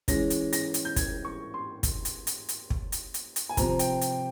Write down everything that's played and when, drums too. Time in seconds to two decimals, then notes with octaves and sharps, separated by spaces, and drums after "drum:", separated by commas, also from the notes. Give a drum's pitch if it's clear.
0.08 E3 G#3 C#4 A#6, drum: kick, hi-hat
0.30 drum: hi-hat
0.53 A#6, drum: hi-hat
0.74 drum: hi-hat
0.85 G6
0.96 G#6, drum: kick, hi-hat
1.25 C#6
1.54 C6
1.83 drum: kick, hi-hat
2.05 drum: hi-hat
2.27 drum: hi-hat
2.49 drum: hi-hat
2.70 drum: kick
2.92 drum: hi-hat
3.14 drum: hi-hat
3.36 drum: hi-hat
3.49 G#5
3.57 C3 F3 C4 A#5, drum: kick, hi-hat
3.79 G5, drum: hi-hat
4.01 drum: hi-hat